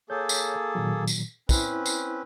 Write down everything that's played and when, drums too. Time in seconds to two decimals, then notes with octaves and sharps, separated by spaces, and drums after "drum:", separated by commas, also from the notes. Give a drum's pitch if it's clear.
0.10 A#3 G#4 A4 C#5 G6
0.29 drum: tambourine
0.75 A#2 D#3 F#3
1.07 drum: tambourine
1.49 C4 C#4 E4 B4, drum: kick, tambourine
1.86 drum: tambourine